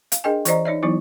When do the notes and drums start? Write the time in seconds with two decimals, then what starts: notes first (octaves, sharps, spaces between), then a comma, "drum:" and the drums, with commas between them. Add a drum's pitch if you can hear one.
0.12 F5, drum: hi-hat
0.24 D4 G#4 A#4 D#5 G5 G#5
0.45 E3 F4 C5 D5 D#5 A#5, drum: hi-hat
0.65 D#4 C#5 D5 E5
0.83 E3 F#3 B3 D#4 E4